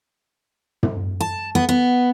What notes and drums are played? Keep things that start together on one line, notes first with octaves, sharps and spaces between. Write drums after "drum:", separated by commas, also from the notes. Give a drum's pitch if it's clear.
drum: tom
A5
B3
B3